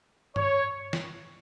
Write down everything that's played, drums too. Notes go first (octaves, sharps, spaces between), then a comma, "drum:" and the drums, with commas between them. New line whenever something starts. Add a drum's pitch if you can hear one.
C#5, drum: tom G2
drum: snare